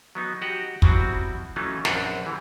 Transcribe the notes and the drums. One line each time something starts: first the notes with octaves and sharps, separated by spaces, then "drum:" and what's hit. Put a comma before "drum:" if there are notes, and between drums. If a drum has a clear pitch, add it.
F#3 B3 D#4
F#4 G4 D#5 F#5
B2 F#3 G3 C4 E4 F#4, drum: kick
E3 F#3 A3 C#4 D#4 F4
A#1 F#2 C4 D4 B4, drum: snare
D3 E3 G3